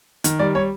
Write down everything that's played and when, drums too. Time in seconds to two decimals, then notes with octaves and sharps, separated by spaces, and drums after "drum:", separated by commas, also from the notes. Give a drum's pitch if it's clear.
0.24 D#3, drum: hi-hat
0.39 G3 D5
0.55 G3 C#5